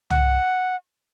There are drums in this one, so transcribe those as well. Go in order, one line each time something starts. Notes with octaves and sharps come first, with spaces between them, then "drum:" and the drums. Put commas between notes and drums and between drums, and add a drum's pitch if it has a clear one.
F#5, drum: tom